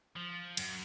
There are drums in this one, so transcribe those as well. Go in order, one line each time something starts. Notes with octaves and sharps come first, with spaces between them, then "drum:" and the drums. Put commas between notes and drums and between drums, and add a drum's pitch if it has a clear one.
F3
F#2, drum: cymbal